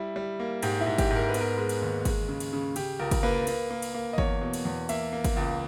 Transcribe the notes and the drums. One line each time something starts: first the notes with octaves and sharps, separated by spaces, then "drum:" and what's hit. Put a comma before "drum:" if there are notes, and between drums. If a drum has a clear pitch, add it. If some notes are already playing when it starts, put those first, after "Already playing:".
Already playing: G3 E4
G3
A#3
G#2 G4, drum: cymbal
E4
G#2
G4, drum: kick G1, cymbal
G#2
A#4
B4
B3, drum: cymbal
A#4
G#3
drum: cymbal
D#2
G#3, drum: kick G1, cymbal
C#3
drum: cymbal
C#3
C#3 G4, drum: cymbal
C#2 A#4
drum: kick G1, cymbal
A#3 B4
A#3, drum: cymbal
A#3
drum: cymbal
A#3
D#5
E2 C#5, drum: kick G1
B2
drum: cymbal
E2
A#3 E5, drum: cymbal
A#3
drum: kick G1, cymbal
C#2